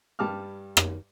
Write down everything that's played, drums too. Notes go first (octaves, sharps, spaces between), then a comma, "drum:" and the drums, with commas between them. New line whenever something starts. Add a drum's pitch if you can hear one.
G2 G3 A5 D6 F6
drum: rim click